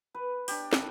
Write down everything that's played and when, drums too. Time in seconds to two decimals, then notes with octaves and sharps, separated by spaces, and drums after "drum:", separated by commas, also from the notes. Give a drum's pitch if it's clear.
0.15 B4
0.48 D4 G4, drum: open hi-hat
0.73 drum: snare